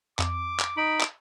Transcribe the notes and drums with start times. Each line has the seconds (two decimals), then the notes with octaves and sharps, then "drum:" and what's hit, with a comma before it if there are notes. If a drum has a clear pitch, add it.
0.19 F2 D6, drum: clap
0.60 drum: clap
0.77 D#4 B5 D7
1.01 drum: clap